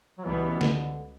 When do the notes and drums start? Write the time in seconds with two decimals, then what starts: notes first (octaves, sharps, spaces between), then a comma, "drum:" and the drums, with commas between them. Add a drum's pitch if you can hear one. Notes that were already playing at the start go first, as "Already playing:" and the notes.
0.18 F#3
0.26 C#2 B2 E3 G3 B3
0.61 D3, drum: snare